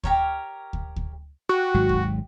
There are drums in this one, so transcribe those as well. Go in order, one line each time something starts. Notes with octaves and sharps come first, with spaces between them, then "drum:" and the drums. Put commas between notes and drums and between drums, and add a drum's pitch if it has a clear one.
G4 A#4 C#5, drum: kick D2
drum: kick D2
drum: kick D2
F#4 G4
G#1 G#2 F#3
drum: kick D2